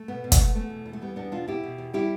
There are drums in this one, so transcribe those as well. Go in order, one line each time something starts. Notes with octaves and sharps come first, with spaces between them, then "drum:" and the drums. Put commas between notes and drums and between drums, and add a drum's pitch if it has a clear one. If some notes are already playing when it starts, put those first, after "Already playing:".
Already playing: A3
B2 B3
B2
B3, drum: kick, hi-hat
A3
E2 A3
B2
E2
A3
G3 B3
E2 B3 D4
B2 D4 F4
E2 E4 G4
B2
E2
G3 E4 G4